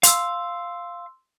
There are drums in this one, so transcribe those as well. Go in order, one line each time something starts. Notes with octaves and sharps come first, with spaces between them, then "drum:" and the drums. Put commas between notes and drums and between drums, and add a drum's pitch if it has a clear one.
F5 C6 E6, drum: hi-hat